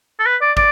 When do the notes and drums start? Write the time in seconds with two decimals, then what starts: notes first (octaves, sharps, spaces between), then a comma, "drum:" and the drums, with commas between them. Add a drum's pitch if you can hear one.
0.19 A4
0.26 B4
0.41 D5
0.57 D5, drum: kick